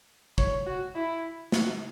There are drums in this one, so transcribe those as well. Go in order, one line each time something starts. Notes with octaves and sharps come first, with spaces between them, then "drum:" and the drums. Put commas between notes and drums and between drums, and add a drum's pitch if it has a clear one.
C#5, drum: kick
F#4
E4
F#4, drum: snare